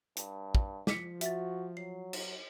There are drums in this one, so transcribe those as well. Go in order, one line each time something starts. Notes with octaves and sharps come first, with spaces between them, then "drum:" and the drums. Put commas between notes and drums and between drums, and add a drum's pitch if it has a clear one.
G2, drum: hi-hat
drum: kick
F3 D6 B6 C#7, drum: snare
F#4 E5 A6, drum: hi-hat
F#3 C7
drum: cymbal